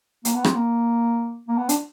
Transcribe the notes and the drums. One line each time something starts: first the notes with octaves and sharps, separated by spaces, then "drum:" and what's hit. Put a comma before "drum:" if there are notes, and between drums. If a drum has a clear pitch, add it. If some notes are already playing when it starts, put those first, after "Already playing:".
A#3, drum: hi-hat
B3
C4, drum: rim click
A#3
A#3
B3
D4, drum: hi-hat